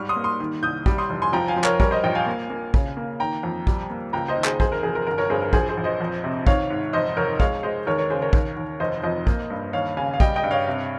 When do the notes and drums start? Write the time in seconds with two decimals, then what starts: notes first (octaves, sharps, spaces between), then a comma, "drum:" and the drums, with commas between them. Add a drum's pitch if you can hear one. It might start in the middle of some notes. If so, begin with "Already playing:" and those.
Already playing: G#2 G3 C#6 F6
0.09 C6 D#6
0.16 A#3
0.24 C6 D#6
0.40 D#3
0.63 C2 D#6 G6
0.86 G3, drum: kick
0.98 C6 D#6
1.10 F1
1.22 G#5 C6
1.33 F3 G5 A#5
1.48 F5 G#5
1.56 F3
1.64 A#4 C#5, drum: clap
1.80 G3 A#4 C#5, drum: kick
1.91 C5 D#5
2.04 A#1 D#5 G5
2.15 F5 G#5
2.26 A#3
2.50 A#3
2.74 C#3, drum: kick
2.97 A#3
3.20 D#3 G5 A#5
3.43 F2
3.67 G3, drum: kick
3.90 A#3
4.13 C#2 G5 A#5
4.28 C5 D#5
4.37 D#3
4.44 G#4 C5, drum: clap
4.60 F1 G#4 C5, drum: kick
4.72 A#4
4.83 F1 G#4
4.95 A#4
5.07 G1 A#4
5.18 A#4 C#5
5.30 G2 G#4 C5
5.42 A#4
5.53 A#1 G#4 C5, drum: kick
5.69 G#4 C5
5.77 A#1
5.84 C5 D#5
6.01 F2
6.24 C3
6.47 D#3 C#5 F5, drum: kick
6.70 G#2
6.93 F1 C5 D#5
7.17 F1 A#4 C#5
7.40 G#3 C#5 F5, drum: kick
7.63 G#3 C5 D#5
7.87 D#2 A#4 C#5
7.98 A#4 C#5
8.10 C#3 G#4 C5
8.22 A#4 C#5
8.33 D#2, drum: kick
8.56 D#2
8.80 F1 C5 D#5
9.03 F2 C5 D#5
9.27 A#3, drum: kick
9.50 G2
9.73 D#2 C#5 F5
9.97 C#3 F5 G#5
10.14 F5
10.20 G3 D#5 G5, drum: kick
10.36 D#5 G5
10.44 G2
10.51 C#5 F5
10.68 C3